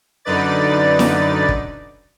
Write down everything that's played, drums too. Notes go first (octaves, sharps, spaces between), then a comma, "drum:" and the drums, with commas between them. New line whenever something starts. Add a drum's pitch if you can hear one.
F#2 D3 D#4 B4 D5 A6
drum: snare E4
drum: kick